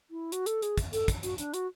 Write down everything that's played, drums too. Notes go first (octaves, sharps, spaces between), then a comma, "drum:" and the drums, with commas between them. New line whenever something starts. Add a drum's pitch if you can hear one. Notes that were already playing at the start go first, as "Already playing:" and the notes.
E4
F#4, drum: hi-hat
A4, drum: hi-hat
G#4, drum: hi-hat
drum: kick, hi-hat
A4, drum: hi-hat
drum: kick, hi-hat
F#4, drum: hi-hat
D4, drum: hi-hat
F#4, drum: hi-hat